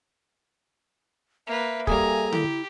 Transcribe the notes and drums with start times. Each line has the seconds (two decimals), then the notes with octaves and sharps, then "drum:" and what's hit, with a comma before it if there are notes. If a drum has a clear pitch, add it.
1.47 A#3 B4 E5
1.87 G3 A#3 G#4 A4 G#5 A#5, drum: kick
2.32 E4 G4, drum: tom D3